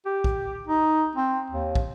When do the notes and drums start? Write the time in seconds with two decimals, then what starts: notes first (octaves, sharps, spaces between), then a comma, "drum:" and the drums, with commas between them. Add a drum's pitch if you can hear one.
0.06 G4
0.24 drum: kick
0.67 D#4
1.16 C4
1.50 D#2
1.75 drum: kick